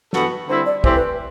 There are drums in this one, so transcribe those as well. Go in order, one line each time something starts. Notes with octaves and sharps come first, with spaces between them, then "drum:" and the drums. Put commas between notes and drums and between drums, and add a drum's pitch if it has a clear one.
G2 E3 B3 F#4 A4, drum: snare
D3 G3 C4 E4 C5
D5
E3 A3 C4 E4 G4 C5, drum: kick
B4